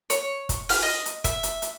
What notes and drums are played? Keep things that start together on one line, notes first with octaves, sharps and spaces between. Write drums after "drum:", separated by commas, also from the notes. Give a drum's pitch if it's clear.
C#5, drum: hi-hat
drum: kick, hi-hat
F6, drum: open hi-hat
D#5
drum: hi-hat
E5, drum: kick, hi-hat
drum: hi-hat
drum: hi-hat